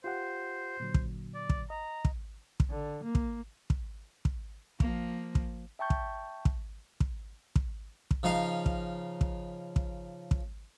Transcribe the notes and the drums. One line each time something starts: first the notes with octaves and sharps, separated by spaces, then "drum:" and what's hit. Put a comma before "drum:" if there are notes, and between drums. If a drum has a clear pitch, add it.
F4 G4 C5 F#5
A#2 D3 F#3
drum: kick
D5
drum: kick
D#5 A#5
drum: kick
drum: kick
D3
A#3
drum: kick
drum: kick
drum: kick
F3 A#3, drum: kick
drum: kick
E5 G5 A5 C#6 G6
drum: kick
drum: kick
drum: kick
drum: kick
drum: kick
C#3 F3 D#4 F5
drum: kick
drum: kick
drum: kick
drum: kick